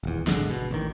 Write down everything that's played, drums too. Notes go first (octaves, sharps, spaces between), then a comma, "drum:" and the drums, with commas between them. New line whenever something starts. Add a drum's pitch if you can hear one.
D#1 E2
G#1 D3 G#3, drum: snare
B2
A1 D#3